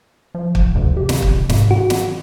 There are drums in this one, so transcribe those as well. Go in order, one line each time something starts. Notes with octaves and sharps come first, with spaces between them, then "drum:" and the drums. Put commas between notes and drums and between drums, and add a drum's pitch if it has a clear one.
F3
drum: kick
D2 G2 C3 F3
C3 G4
drum: snare
drum: kick
G#2, drum: snare
F#4
drum: snare